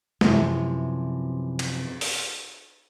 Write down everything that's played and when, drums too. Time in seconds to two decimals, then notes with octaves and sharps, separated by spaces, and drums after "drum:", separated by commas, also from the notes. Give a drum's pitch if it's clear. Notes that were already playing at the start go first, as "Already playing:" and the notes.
0.21 F#2 C3 E3 F3, drum: snare
1.59 drum: cymbal
2.01 drum: open hi-hat